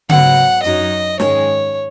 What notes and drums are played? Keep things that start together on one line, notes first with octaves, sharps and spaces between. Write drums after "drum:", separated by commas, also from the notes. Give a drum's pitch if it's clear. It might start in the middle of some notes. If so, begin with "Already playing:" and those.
G#2 F#3 B3 F#5, drum: tom C#3
F#2 F#3 D#4 D#5
G#2 D#3 G#3 C#4 C#5, drum: snare